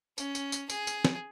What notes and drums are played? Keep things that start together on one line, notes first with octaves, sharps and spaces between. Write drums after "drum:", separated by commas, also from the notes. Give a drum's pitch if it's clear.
C#4, drum: tambourine
drum: tambourine
drum: tambourine
G#4, drum: tambourine
drum: tambourine
drum: snare